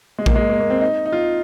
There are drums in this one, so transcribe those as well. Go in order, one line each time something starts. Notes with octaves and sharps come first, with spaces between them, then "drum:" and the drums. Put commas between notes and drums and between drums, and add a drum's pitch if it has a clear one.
G#3
A#3, drum: kick A#1
G#3
A#3
A#3
C4
D#4
D#4
F4